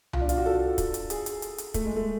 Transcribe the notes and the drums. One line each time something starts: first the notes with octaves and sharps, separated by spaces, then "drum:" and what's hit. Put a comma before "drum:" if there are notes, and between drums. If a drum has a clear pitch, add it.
F4, drum: tom C2
D4
F4, drum: hi-hat
F#4
A4
drum: kick, hi-hat
drum: hi-hat
G#4, drum: hi-hat
drum: hi-hat
drum: hi-hat
drum: hi-hat
A3, drum: kick, hi-hat
G#3
A3